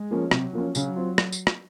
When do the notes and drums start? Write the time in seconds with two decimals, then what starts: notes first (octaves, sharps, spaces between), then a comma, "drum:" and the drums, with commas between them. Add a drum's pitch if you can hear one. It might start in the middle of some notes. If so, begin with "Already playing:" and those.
Already playing: G#3
0.11 F3 A#3 C#4
0.31 C3 F#3, drum: rim click
0.53 F3 A#3 C#4
0.75 C#3 F#3, drum: tambourine
0.96 C4 F4
1.18 drum: rim click
1.32 drum: tambourine
1.47 drum: rim click